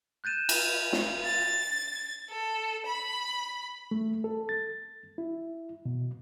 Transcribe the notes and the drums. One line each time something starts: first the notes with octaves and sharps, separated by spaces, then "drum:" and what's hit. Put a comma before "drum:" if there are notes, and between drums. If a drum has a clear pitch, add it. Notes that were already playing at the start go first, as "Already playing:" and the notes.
F#6 G6 A6 D#7 E7
drum: cymbal
drum: snare
A6
A4
B5
A3
A4
A6
E4
B2